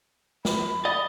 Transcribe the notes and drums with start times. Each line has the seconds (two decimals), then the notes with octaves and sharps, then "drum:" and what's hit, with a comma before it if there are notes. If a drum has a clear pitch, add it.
0.45 B5, drum: snare
0.85 D5 D#5